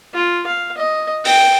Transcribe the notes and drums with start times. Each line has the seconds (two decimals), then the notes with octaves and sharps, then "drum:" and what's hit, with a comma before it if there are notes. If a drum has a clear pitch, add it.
0.14 F4
0.47 F5
0.78 D#5
1.25 G5, drum: open hi-hat